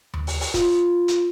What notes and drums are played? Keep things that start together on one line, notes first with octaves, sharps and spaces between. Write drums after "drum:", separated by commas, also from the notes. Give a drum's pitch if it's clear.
drum: tom D#2
drum: open hi-hat
drum: open hi-hat
F4, drum: kick, hi-hat
drum: hi-hat